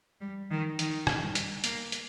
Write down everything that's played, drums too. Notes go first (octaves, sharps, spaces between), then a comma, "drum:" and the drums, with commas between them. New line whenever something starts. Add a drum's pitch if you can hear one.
G3
D#3
D#3, drum: hi-hat
drum: rim click
G3
drum: hi-hat
A#3, drum: hi-hat
drum: hi-hat